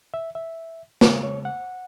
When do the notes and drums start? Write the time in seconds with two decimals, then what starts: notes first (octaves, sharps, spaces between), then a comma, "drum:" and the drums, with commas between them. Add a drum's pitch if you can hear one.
0.14 E5
0.35 E5
1.01 C#3 G#3 C#5, drum: snare
1.23 C#5
1.45 F#5